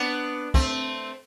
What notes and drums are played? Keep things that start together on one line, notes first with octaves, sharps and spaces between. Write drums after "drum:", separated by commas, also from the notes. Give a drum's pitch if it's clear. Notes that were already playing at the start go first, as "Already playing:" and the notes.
Already playing: B3 D4
A3 C4, drum: kick